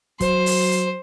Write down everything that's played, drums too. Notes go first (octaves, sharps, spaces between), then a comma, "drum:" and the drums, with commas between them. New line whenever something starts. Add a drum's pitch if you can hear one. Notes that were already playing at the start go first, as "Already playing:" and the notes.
F#3 C5, drum: kick, hi-hat
drum: open hi-hat
drum: hi-hat